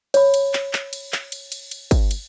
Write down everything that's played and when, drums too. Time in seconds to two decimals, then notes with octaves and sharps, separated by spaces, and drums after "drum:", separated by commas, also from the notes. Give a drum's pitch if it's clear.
0.14 C#5 B5, drum: cymbal
0.34 drum: cymbal
0.53 drum: clap
0.73 drum: clap
0.93 drum: cymbal
1.12 drum: clap
1.32 drum: cymbal
1.52 drum: cymbal
1.71 drum: cymbal
1.91 drum: kick, cymbal
2.11 drum: cymbal